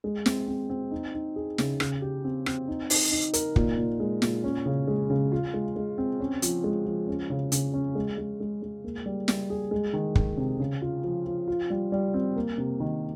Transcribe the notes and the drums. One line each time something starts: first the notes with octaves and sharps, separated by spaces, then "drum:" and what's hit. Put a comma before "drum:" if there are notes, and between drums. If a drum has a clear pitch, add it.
G#3
C4, drum: snare
C4
C4
D#4
D#4
G#4
C#3, drum: snare
C#3, drum: rim click
G4
C4
C4, drum: rim click
D#4
D#4, drum: open hi-hat
D#4
A#4, drum: hi-hat
A#2, drum: kick
A#2
G#3
A#2, drum: snare
C#4
C#3
G#3
C#3
F4
G#3
G#3
C4
C#4
F3, drum: hi-hat
G#3
F3
C#4
C#3
C#3, drum: hi-hat
C#4
G#3
G#3
G#3
G#3
A#3
G3
G3, drum: snare
G#4
G#3
D#3
D#3, drum: kick
C3
C#3
F4
F3
F3
F4
G3
G3
C4
A#3
C3
D#3